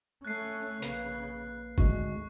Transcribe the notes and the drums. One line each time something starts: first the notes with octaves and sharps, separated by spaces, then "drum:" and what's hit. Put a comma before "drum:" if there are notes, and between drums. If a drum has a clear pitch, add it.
A3 C#4 F#6 C7
A#1 C#3 A#3 B4, drum: hi-hat
G#1 D2 G#3 C#6, drum: kick